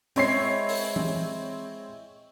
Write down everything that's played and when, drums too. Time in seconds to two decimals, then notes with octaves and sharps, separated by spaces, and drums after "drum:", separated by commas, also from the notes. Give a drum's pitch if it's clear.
0.16 G#3 C4 E4 C#5 C7, drum: open hi-hat
0.69 drum: open hi-hat
0.96 drum: tom E3